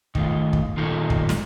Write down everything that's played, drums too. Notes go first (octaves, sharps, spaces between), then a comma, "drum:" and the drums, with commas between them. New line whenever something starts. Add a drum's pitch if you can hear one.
D#3 A3 F4, drum: kick
drum: kick
A#2 D#3 D#4 F4 A4
drum: kick
drum: snare